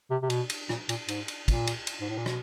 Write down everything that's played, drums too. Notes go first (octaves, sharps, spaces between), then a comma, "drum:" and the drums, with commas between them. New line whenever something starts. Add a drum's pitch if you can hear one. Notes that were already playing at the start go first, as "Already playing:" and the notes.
C3
C3
B2, drum: cymbal
drum: cymbal
A#2, drum: rim click
A#2, drum: cymbal
G#2, drum: cymbal
drum: cymbal
A#2, drum: kick, cymbal
drum: cymbal
drum: cymbal
G#2
A2
A#2
B2, drum: rim click